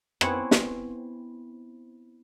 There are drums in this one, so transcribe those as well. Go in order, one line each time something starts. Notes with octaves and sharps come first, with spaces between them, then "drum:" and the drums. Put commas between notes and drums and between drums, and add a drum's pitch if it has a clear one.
B3 C4 E4 C#5 F#5 G#5, drum: rim click
drum: snare